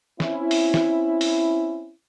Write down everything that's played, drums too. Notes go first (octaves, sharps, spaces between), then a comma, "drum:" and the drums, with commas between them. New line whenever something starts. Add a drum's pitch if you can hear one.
C4 C#4 E4, drum: snare
drum: open hi-hat
drum: snare
drum: open hi-hat